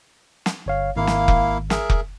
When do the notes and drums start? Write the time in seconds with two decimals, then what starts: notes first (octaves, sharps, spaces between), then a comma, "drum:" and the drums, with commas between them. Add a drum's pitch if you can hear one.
0.46 drum: snare
0.66 G1 C#5 F5
0.96 G#1 A#3 E4 F5
1.07 drum: snare
1.28 drum: kick F1
1.70 G#4 A#4 E5, drum: snare
1.90 drum: kick F1